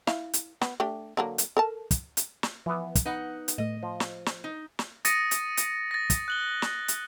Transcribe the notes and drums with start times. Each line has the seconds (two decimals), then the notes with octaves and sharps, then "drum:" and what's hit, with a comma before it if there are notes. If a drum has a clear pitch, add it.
0.07 E4 F5, drum: snare
0.33 drum: hi-hat
0.62 B3, drum: snare
0.80 A3 D4 G4
1.17 D3 F#3 A#3
1.38 drum: hi-hat
1.57 A4 A#4 A5
1.91 drum: kick, hi-hat
2.17 drum: hi-hat
2.43 drum: snare
2.66 E3 F3 B3
2.95 drum: kick, hi-hat
3.06 B3 D#4 F#5
3.48 drum: hi-hat
3.58 A2 A3 D#5
3.83 F3
4.00 drum: snare
4.26 drum: snare
4.44 D#4
4.79 drum: snare
5.05 D#6 A6 A#6 C#7 D#7, drum: hi-hat
5.31 drum: hi-hat
5.57 drum: hi-hat
5.91 A6 A#6
6.10 drum: kick, hi-hat
6.28 F#6 F#7 G7
6.62 drum: snare
6.88 drum: hi-hat